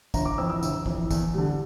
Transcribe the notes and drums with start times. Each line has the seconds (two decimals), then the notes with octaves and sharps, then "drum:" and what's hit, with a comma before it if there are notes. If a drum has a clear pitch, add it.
0.14 G1 A#5, drum: kick, tambourine
0.25 D6
0.38 F2 E3 E6
0.50 E6
0.63 G1, drum: tambourine
0.86 F2 E3, drum: kick
1.11 E2, drum: kick, tambourine
1.34 D3 G3